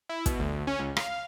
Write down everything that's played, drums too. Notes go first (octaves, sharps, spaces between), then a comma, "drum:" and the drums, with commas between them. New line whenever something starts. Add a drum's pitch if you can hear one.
E4
B2, drum: kick, hi-hat
D2
C#4
C#2
F5, drum: rim click